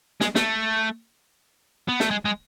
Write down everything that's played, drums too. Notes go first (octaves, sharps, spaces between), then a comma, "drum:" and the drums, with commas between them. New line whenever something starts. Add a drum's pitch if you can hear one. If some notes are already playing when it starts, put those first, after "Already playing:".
G#3, drum: snare
A3, drum: snare
B3
A3, drum: snare
G#3
G#3